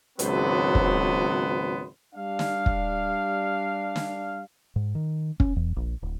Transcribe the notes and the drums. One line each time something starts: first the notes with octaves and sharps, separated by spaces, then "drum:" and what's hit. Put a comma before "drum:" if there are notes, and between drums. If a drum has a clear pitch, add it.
G#1 C#2 F#3 B3 B4 C5, drum: hi-hat
drum: kick
G3 D4 F5
drum: snare
drum: kick
drum: snare
G#2
D#3
C#4, drum: kick
E2
A#1
D1